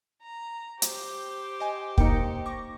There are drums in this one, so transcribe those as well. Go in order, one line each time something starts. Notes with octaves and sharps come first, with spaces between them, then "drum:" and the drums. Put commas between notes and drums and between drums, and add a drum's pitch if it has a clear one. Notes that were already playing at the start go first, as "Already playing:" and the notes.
A#5
G4 C5, drum: hi-hat
D#5 G#5
A#3 D#4 G5 C#7, drum: kick
C#6 D6 A#6